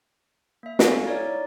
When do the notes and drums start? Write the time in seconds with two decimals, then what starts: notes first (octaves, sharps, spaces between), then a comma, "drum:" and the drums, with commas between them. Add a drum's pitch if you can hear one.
0.63 A#3 E5
0.79 F#4 A4 F5 G#5 C#6, drum: snare
1.05 D#4 E4 C#5 D5